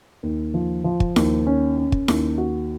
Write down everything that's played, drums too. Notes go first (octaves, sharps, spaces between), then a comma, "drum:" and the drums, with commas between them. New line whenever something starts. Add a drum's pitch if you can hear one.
D#2
F3
F3
drum: kick
D#2, drum: snare E4
C#4
C#4
drum: kick
D#2, drum: snare E4
F#4